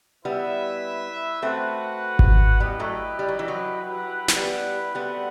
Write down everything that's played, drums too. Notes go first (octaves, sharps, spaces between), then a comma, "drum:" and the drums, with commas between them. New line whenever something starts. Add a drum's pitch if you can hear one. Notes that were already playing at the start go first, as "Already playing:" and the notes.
G3 B3 E4 B4 E5
A3 C4 F#4 B4 F#5
drum: kick G#1
G3 B3 E4 G4 B4 D#5
F#3 A3
G3
F#3
E3
F#3
E4 G4 B4 F#5
C4, drum: snare
G3 B3
G3 A3 B3 C4 F#4 B4 F#5